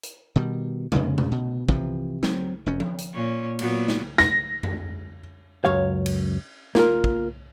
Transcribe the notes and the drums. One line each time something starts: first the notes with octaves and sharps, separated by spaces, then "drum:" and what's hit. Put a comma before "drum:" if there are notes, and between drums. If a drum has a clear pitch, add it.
drum: hi-hat
B2 D#3 G3
F2 C#3 G#3 A#3, drum: tom
drum: tom
B2
C3 E3 F3, drum: kick
F#3 C4, drum: snare
F1 F#2 C#4
drum: tom F3
drum: hi-hat
A#2 C#4
A#2 F#3 B3, drum: cymbal
drum: snare
A#6, drum: snare
drum: tom F2
C#2 F#2 C#5 F5
drum: cymbal
A#3 F4 A#4, drum: snare
drum: kick